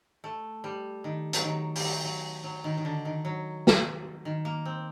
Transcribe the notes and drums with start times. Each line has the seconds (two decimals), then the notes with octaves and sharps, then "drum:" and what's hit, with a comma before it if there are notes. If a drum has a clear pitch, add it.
0.24 A3
0.64 G3
1.04 D#3
1.33 F#3, drum: hi-hat
1.43 D#3
1.75 G3, drum: open hi-hat
1.83 F#3
2.04 F#3
2.44 F#3
2.64 D#3
2.77 D#3
2.85 D3
3.05 D#3
3.25 F#3
3.67 drum: snare
4.25 D#3
4.45 A#3
4.65 C4